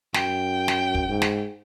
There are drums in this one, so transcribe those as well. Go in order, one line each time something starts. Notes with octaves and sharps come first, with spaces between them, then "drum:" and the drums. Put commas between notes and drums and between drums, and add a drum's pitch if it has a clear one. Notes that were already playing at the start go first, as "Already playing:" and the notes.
F#2 G5, drum: snare
drum: snare
drum: kick
G#2
drum: snare